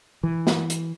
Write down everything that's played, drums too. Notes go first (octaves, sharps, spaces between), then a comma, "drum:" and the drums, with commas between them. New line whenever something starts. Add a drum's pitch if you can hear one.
E3
drum: snare
drum: hi-hat